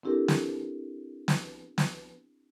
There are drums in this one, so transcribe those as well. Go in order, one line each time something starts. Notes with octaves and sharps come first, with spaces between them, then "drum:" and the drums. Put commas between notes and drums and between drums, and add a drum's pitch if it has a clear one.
C4 D4 E4 G4 A4 A#4
drum: snare
drum: snare
drum: snare